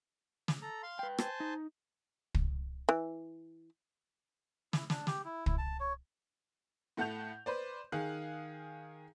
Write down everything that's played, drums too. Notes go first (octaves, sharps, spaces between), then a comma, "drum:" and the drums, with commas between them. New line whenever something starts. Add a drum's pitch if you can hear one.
drum: snare
A4 A#5
F5 C6
B4 G5
C5 G#5 A5, drum: rim click
D#4
drum: kick
E3
E4, drum: snare
D4, drum: snare
G4, drum: snare
E4
E4, drum: kick
A5
C#5
A2 A3 F#5 A5 G6 F7
B4 C5 D5
D#3 G#4 F5 F#6